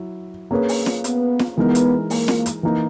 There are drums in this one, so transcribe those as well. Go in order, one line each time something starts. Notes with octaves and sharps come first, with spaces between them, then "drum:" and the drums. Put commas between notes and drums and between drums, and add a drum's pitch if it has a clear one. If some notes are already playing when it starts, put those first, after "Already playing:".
Already playing: F#3 E4
A#3 C#4 G#4 B4
drum: open hi-hat
drum: snare
B3, drum: hi-hat
drum: snare
E3 G#3 B3 D#4 A#4
drum: hi-hat
A#3, drum: open hi-hat
drum: snare
drum: hi-hat
E3 A#3 D#4